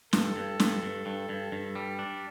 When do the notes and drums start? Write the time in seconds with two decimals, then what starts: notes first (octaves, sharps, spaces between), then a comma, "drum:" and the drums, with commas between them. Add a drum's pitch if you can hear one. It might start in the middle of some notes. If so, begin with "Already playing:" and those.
0.13 G2 A4, drum: snare
0.36 G2
0.60 G2, drum: snare
0.83 G2
1.06 G2
1.29 G2
1.52 G2
1.75 G3
1.99 D4